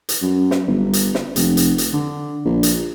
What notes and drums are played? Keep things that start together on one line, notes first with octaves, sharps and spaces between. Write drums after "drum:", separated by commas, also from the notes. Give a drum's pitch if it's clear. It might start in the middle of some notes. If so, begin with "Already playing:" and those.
drum: hi-hat
F#2
drum: snare
G1
drum: hi-hat
drum: snare
F1, drum: hi-hat
drum: hi-hat
drum: hi-hat
D3
A#1
drum: hi-hat